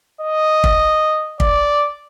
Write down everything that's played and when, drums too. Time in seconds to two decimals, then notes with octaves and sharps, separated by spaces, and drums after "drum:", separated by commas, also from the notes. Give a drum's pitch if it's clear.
0.21 D#5
0.64 drum: kick
1.40 D5, drum: kick